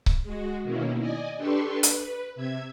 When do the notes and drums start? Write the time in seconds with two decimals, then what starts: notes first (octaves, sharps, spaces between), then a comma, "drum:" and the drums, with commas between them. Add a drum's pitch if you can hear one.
0.06 drum: kick C#1
0.23 G#3 F#4
0.62 B2 D#3 A#3 C#4 E4
1.00 D5 D#5 G#5
1.37 D4 G4 A4 B4 C6 C#6
1.83 B4, drum: hi-hat
2.35 C3 E5 G#6